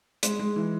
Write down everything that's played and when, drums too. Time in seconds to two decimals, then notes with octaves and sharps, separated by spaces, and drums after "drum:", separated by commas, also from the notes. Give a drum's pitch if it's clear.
0.23 G#3, drum: hi-hat
0.39 G#3
0.56 E3